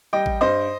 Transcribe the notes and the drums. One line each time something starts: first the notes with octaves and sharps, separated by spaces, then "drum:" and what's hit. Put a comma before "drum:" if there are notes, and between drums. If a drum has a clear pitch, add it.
G3 D#5 G5
drum: kick A1
G2 C5 D#5